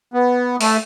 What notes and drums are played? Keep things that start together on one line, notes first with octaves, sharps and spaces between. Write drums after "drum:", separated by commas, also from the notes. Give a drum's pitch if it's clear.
B3
A3, drum: open hi-hat